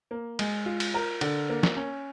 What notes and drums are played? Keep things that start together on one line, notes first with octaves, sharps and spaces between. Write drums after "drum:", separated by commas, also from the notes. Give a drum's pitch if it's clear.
A#3
G#3, drum: cymbal
F4
drum: cymbal
A#4
D3, drum: cymbal
A#3
drum: snare
C#4